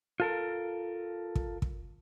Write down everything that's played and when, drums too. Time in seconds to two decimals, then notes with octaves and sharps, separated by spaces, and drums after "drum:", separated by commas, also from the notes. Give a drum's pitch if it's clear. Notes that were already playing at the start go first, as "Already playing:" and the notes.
0.20 F4 A4 A#4
1.36 drum: kick
1.62 drum: kick